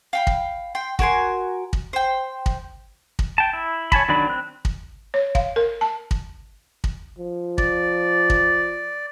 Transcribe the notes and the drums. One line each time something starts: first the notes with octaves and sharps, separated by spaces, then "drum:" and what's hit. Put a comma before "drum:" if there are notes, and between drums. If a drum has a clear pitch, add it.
F5 G5 B5
drum: kick
G5 C6
F#4 A#4 G#5 C6, drum: kick
drum: kick
C5 G5
drum: kick
drum: kick
G5 A5
E4
C#5 G#5 A5 B5, drum: kick
D#3 F#3 D4 D5 B5
C4 F#6
drum: kick
C#5
F5, drum: kick
A#4
A5
drum: kick
drum: kick
F3
D5, drum: kick
drum: kick